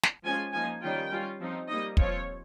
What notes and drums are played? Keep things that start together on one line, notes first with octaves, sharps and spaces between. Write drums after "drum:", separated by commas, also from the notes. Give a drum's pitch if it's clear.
drum: snare
F3 G#3 C#4 F4 G#5
F3 A#3 D#4 G#5
D#3 G3 C#4 F4 G5
G3 C#4 F4
F3 C4 D#4
G3 A#3 D#4 D#5
F3 C4 F4 C#5, drum: kick